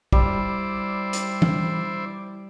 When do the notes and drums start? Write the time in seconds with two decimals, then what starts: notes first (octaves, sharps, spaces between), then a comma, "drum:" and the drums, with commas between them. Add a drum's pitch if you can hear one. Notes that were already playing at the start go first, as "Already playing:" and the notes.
0.12 G3 E4 C5 D5, drum: kick
1.13 drum: hi-hat
1.42 drum: tom E3